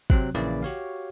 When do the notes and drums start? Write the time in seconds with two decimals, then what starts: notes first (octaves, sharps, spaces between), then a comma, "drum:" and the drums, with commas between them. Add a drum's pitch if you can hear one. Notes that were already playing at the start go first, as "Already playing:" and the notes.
0.10 C3 F#3 C4 F#6, drum: kick
0.34 A#1 C#3 E3 A#3 E4 D5
0.63 F#4 G4 C#5 F5